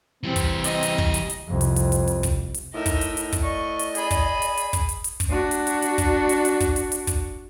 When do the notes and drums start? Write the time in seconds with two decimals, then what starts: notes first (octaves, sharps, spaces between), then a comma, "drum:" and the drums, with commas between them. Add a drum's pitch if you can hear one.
0.23 E3 G3 C4
0.36 drum: kick, hi-hat
0.64 D#5, drum: hi-hat
0.83 drum: hi-hat
0.98 drum: kick
1.14 drum: hi-hat
1.29 drum: hi-hat
1.48 C2 F2
1.61 drum: hi-hat
1.76 drum: hi-hat
1.92 drum: hi-hat
2.08 drum: hi-hat
2.23 drum: kick, hi-hat
2.54 drum: hi-hat
2.75 A2 D#4 A#4 D#5 E5
2.86 drum: kick, hi-hat
3.01 drum: hi-hat
3.17 drum: hi-hat
3.32 drum: kick, hi-hat
3.42 D5 D#5 C#6
3.79 drum: hi-hat
3.95 G#4 B5, drum: hi-hat
4.11 drum: kick, hi-hat
4.42 drum: hi-hat
4.57 drum: hi-hat
4.73 drum: kick, hi-hat
4.89 drum: hi-hat
5.04 drum: hi-hat
5.20 drum: kick, hi-hat
5.29 D4 F#4
5.51 drum: hi-hat
5.67 drum: hi-hat
5.82 drum: hi-hat
5.98 drum: kick, hi-hat
6.29 drum: hi-hat
6.45 drum: hi-hat
6.60 drum: kick, hi-hat
6.76 drum: hi-hat
6.92 drum: hi-hat
7.07 drum: kick, hi-hat